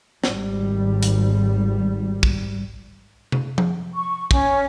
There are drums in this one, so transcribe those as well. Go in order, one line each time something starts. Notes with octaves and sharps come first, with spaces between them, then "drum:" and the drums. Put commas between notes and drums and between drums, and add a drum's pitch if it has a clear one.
G#1 G3, drum: snare
drum: hi-hat
drum: kick
drum: tom C3
drum: tom F3
C#6
C#4, drum: kick